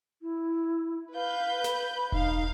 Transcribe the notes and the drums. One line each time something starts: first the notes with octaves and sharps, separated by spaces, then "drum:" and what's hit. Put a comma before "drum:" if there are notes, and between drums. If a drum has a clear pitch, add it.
E4
B4 F5 G6
B5, drum: snare
D#4 F5, drum: kick E1